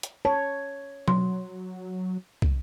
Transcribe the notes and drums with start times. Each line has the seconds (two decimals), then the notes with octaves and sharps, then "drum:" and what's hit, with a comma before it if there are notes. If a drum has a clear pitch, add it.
0.03 drum: hi-hat
0.25 C#5 A5
1.08 F#3 C6, drum: tom B2
2.42 drum: kick